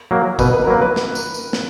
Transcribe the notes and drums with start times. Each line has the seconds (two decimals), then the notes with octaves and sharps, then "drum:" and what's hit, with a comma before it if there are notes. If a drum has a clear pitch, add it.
0.11 F#3 A#3
0.39 B2 B4, drum: kick, tambourine
0.53 B4
0.63 A#4
0.67 F#3 A#3 B4
0.81 B4
0.96 drum: snare
1.15 drum: tambourine
1.34 drum: tambourine
1.53 drum: snare